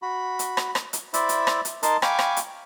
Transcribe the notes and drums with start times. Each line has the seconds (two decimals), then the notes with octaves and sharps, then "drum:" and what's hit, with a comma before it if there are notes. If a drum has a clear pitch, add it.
0.02 F#4 B5
0.39 drum: hi-hat
0.57 drum: rim click
0.75 drum: rim click
0.93 drum: hi-hat
1.14 E4 C5 D5 E5 B5, drum: hi-hat
1.29 drum: hi-hat
1.47 drum: rim click
1.65 drum: hi-hat
1.83 D#4 A#4 D#5 A5 C6, drum: hi-hat
2.02 F5 G5 G#5 B5 C#6 D6, drum: rim click
2.19 drum: rim click
2.37 drum: hi-hat